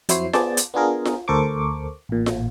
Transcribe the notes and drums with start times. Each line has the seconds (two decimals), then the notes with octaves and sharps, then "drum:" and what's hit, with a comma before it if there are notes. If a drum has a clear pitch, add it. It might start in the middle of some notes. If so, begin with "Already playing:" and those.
0.09 F2 F#3 E4 C5 C#5 C7, drum: hi-hat
0.33 B3 G#4 C5 D5 A5, drum: snare F4
0.57 drum: hi-hat
0.74 B3 D4 F4 G#4 A#4
1.05 drum: snare F4
1.28 D2 A4 A#4 C5 C#6 D6
2.09 A1 A#2
2.26 drum: snare F4